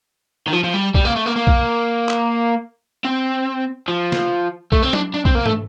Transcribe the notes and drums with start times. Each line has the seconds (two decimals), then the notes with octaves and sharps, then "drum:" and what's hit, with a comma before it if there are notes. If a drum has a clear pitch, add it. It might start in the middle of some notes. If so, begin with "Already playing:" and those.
0.48 D#3
0.53 F3
0.64 F3
0.74 G3
0.94 G3, drum: kick
1.05 A#3
1.16 A3
1.26 A#3
1.36 A#3
1.47 drum: kick
2.09 drum: clap
3.05 C4
3.88 F3
4.12 drum: snare
4.72 A3, drum: kick
4.82 C4
4.93 D4, drum: tom F#3
5.14 D4
5.25 C4, drum: kick
5.35 A#3
5.46 A3, drum: tom